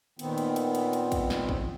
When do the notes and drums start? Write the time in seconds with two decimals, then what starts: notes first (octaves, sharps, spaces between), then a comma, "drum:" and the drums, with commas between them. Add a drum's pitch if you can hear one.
0.19 A#2 D#3 B3 C4, drum: cymbal
0.38 drum: cymbal
0.56 drum: cymbal
0.75 drum: cymbal
0.93 drum: cymbal
1.12 drum: kick A1, cymbal
1.30 drum: snare
1.49 drum: kick A1